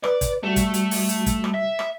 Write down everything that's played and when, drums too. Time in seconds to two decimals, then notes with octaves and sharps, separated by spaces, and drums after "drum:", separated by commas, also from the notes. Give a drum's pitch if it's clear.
0.04 B4 D5, drum: rim click
0.21 drum: kick, hi-hat
0.43 G3 A3 F#4
0.56 drum: kick, hi-hat
0.74 drum: hi-hat
0.91 drum: open hi-hat
1.09 drum: hi-hat
1.26 drum: kick, hi-hat
1.44 drum: rim click
1.54 E5
1.79 drum: rim click